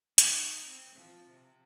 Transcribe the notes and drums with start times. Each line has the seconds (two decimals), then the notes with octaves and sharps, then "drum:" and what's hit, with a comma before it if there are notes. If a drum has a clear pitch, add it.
0.18 D#4, drum: hi-hat
0.66 C4
0.97 F3
1.31 C3